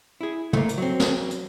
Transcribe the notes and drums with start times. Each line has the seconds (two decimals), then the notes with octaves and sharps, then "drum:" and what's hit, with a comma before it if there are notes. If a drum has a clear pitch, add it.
0.21 E4 G#4
0.53 A3 A#3, drum: tom
0.69 drum: hi-hat
0.78 F#3 C4
1.00 drum: snare
1.30 drum: hi-hat